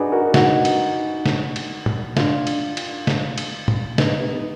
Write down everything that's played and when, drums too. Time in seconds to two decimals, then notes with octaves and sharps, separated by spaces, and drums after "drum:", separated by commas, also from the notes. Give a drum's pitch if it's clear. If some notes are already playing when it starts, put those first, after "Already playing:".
Already playing: D4 D#4 F#4 G#4 B4 D5
0.12 F#4 A#4
0.34 D#4 F#4, drum: snare
0.65 drum: cymbal
1.26 drum: snare
1.56 drum: cymbal
1.86 drum: tom
2.17 D4 F4, drum: snare
2.47 drum: cymbal
2.77 drum: cymbal
3.07 drum: snare
3.38 drum: cymbal
3.68 drum: tom
3.98 B3 D#4, drum: snare
4.21 B3 D#4
4.33 B3